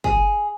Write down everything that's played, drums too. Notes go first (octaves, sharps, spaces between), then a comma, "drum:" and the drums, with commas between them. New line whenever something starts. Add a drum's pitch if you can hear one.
G#4, drum: kick